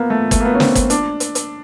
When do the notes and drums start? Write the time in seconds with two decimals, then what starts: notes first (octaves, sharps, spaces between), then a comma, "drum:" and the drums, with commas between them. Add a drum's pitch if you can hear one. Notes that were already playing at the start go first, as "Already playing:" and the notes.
Already playing: A#3 B3
0.10 A3
0.31 A3, drum: kick, hi-hat
0.41 A#3
0.45 B3
0.55 C#4
0.60 C4, drum: snare
0.75 drum: kick, hi-hat
0.90 D4, drum: hi-hat
1.20 drum: hi-hat
1.35 drum: hi-hat